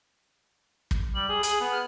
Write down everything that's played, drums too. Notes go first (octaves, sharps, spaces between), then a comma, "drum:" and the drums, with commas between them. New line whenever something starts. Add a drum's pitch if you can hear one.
drum: kick
G3 F#7
G#4
G#4, drum: hi-hat
B3
F6